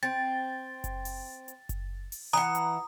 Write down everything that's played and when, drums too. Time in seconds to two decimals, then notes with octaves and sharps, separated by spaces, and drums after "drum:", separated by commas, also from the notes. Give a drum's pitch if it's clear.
0.03 C4 A6
0.84 drum: kick F#1, hi-hat
1.05 drum: open hi-hat
1.48 drum: hi-hat
1.69 drum: kick F#1, hi-hat
2.12 drum: open hi-hat
2.33 E3 F#5 A#5 D#6
2.55 drum: hi-hat